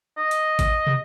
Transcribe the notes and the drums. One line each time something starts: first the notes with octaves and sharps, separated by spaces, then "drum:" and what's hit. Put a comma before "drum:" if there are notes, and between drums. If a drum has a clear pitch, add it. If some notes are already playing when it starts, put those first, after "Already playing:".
D#5
drum: hi-hat
drum: kick G#1, hi-hat
drum: tom